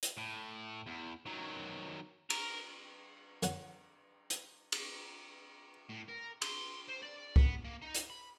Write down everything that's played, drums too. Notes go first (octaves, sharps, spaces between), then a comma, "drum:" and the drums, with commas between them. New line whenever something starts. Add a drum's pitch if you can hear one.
drum: hi-hat
A2
E2
D#3 F#3
A#4, drum: cymbal
F2 C#5 F#5, drum: hi-hat
drum: hi-hat
drum: cymbal
A2
A#4
C6, drum: cymbal
C5
D5
B3, drum: kick C2
A#3
D#4
drum: hi-hat
B5